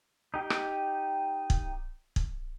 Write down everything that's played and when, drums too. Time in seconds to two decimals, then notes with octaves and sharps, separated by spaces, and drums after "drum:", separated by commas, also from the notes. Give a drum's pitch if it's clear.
0.34 D#4 G4 G5
0.50 drum: rim click
1.50 drum: kick
2.16 drum: kick